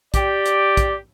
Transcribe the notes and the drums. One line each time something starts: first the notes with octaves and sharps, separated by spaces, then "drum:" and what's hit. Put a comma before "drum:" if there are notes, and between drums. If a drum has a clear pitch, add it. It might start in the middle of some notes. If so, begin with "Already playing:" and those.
G4 D5, drum: kick, hi-hat
drum: hi-hat
drum: kick, hi-hat